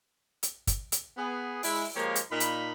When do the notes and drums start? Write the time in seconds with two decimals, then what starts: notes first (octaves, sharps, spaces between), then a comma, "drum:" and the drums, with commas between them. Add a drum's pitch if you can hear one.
0.43 drum: hi-hat
0.67 drum: kick, hi-hat
0.92 drum: hi-hat
1.17 B3 G#4
1.63 G#3 E4, drum: open hi-hat
1.95 F3 G#3 A#3 G4 A#4 C#5
2.15 drum: hi-hat
2.31 A#2 D#4 B5
2.40 drum: hi-hat